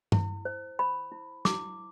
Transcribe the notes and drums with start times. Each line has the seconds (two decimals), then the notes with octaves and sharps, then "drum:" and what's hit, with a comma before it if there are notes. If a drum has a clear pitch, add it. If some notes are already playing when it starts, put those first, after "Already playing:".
0.12 E4, drum: tom
0.45 C5
0.79 C5 B5
1.12 E4
1.45 E4 D6, drum: snare